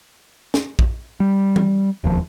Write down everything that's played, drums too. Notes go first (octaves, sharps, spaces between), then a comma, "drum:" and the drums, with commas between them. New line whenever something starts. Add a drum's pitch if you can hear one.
drum: snare
drum: kick
G3
drum: tom E3
E1 D#2 F3